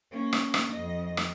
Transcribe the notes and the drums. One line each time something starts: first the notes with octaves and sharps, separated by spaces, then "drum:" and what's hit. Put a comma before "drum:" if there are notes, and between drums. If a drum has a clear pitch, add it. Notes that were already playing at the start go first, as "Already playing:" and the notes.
A#3 C#4
drum: rim click
drum: rim click
F2 D#5
drum: rim click